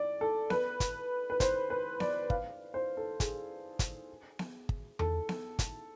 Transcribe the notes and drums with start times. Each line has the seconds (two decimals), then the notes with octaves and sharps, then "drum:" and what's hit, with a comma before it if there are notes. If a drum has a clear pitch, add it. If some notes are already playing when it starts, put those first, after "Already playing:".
Already playing: D5
0.21 A4
0.50 B4, drum: snare B3
0.80 drum: kick, hi-hat
1.30 B4
1.40 C5, drum: kick, hi-hat
1.70 B4
2.00 D5, drum: snare B3
2.30 F5, drum: kick
2.74 C5
2.97 A4
3.20 G#4, drum: kick, hi-hat
3.79 drum: kick, hi-hat
4.39 drum: snare B3
4.69 drum: kick
4.99 A4, drum: tom E2
5.29 drum: snare B3
5.59 drum: kick, hi-hat